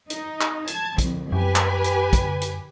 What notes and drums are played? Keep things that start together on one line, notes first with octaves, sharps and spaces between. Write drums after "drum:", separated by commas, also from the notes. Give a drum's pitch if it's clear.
D#4, drum: hi-hat
drum: clap
A5 G#6, drum: hi-hat
C2 F2, drum: kick, hi-hat
F#2 G4 B4 G#5
drum: clap
drum: hi-hat
drum: kick, hi-hat
drum: hi-hat